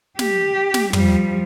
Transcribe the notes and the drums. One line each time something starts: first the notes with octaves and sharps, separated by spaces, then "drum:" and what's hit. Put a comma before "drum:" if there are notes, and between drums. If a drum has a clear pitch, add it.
G4, drum: snare
drum: snare
F3 G3, drum: tom